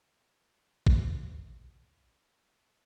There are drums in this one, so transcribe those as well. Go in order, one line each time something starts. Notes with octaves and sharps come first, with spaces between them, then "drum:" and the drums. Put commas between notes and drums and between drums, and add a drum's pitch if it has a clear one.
D4 D#4 D#5
drum: kick A1